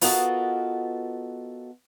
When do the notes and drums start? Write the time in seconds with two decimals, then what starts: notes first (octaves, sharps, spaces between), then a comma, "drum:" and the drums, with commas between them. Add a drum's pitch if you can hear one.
0.01 B3 F4 F#4 A4 A#4 D#5, drum: open hi-hat